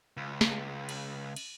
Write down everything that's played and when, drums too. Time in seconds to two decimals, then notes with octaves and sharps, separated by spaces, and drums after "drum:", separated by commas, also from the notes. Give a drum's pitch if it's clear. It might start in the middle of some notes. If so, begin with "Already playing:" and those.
0.17 C#2
0.41 drum: snare
0.89 drum: cymbal
1.36 drum: cymbal